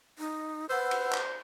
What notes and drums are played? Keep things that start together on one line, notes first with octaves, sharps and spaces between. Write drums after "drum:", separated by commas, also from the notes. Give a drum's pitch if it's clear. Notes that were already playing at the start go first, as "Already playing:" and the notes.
D#4
B4 C5 F#5 E6
drum: cymbal
drum: clap